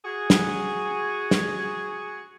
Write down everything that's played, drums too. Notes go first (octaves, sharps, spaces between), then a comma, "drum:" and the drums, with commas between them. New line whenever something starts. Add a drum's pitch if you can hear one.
F#4 G#4
drum: snare
drum: snare